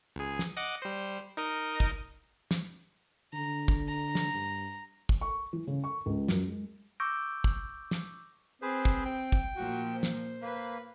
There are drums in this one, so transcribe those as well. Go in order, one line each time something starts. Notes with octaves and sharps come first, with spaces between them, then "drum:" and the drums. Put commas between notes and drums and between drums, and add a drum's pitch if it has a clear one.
C#2 G#4
drum: snare
D#5 F#5 D6
G3 C5
D#4 A#4 D#5
drum: kick
drum: snare
D3 A#5
drum: kick
A#5
drum: snare
G2
drum: kick
C#6
E3
C#3
C#6
C#2
F#2, drum: snare
G#3
C#6 D6 E6 G6 A#6 D7
drum: kick
drum: snare
C4 G#4 B4 C5
drum: kick
G5
drum: kick
A#2 F3 F#4
C5
drum: snare
A#3 B4